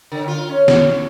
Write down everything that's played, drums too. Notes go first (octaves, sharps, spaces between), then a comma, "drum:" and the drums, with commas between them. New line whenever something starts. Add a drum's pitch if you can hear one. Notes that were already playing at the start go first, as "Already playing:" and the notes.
D3
F4
C#4
drum: snare